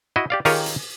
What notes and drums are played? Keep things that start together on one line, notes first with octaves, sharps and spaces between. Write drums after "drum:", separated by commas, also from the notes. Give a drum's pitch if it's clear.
E4 F#4 D#5
G4 D5 F5
D#3 F4 G4 G#4 A#4 C#5, drum: open hi-hat
drum: hi-hat